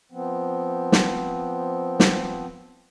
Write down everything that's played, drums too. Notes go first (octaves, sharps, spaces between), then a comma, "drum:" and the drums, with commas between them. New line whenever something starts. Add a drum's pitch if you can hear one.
F3 B3 C4
drum: snare
drum: snare